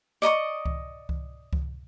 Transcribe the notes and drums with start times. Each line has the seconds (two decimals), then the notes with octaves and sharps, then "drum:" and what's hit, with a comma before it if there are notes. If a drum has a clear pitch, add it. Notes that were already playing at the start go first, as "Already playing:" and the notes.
0.22 D5 D#5 A#5 C#6
0.65 drum: kick C#2
1.09 drum: kick C#2
1.53 drum: kick C#2